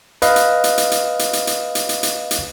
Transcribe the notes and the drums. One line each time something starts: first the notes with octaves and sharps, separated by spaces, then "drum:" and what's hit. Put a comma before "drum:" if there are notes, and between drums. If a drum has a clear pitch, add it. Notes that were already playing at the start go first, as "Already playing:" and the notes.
B4 D#5 F5, drum: hi-hat
drum: hi-hat
drum: hi-hat
drum: hi-hat
drum: hi-hat
drum: hi-hat
drum: hi-hat
drum: hi-hat
drum: hi-hat
drum: hi-hat
drum: hi-hat
drum: hi-hat